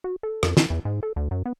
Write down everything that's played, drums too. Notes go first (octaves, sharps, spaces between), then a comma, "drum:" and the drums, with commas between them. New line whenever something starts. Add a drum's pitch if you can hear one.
F#4
A4
F2, drum: rim click
D#3, drum: snare
E2
G#2
A4
D2
F#2
B3